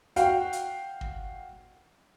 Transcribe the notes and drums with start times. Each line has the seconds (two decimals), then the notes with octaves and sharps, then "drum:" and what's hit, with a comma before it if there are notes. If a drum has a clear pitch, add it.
0.16 F#4 F5 G5, drum: hi-hat
0.53 drum: hi-hat
1.01 drum: kick